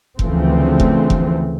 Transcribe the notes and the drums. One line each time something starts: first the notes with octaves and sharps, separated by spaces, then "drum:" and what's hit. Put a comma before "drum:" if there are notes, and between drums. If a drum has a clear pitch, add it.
D2 C#3 E3 F3 A3 C4, drum: kick F1
drum: kick F1
drum: kick F1